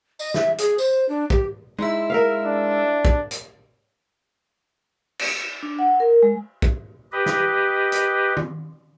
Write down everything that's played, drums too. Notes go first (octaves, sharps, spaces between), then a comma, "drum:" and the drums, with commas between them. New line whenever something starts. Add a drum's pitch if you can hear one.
D#5, drum: tambourine
E5, drum: snare
G#4, drum: hi-hat
C5, drum: tambourine
D4
G4, drum: kick
G#3 D#4 E4 E6
A#4 E5 F5
D4
drum: kick
drum: hi-hat
drum: cymbal
D4
F#5
A#4
G#3
drum: kick
G4 B4 D#5
drum: snare
drum: hi-hat
drum: tom